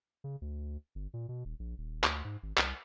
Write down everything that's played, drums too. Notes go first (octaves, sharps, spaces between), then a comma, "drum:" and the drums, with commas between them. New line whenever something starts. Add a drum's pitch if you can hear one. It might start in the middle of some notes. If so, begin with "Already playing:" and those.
C#3
D2
G1
A#2
B2
D#1
A#1
D#1
D2, drum: clap
G#2
G#1
C2, drum: clap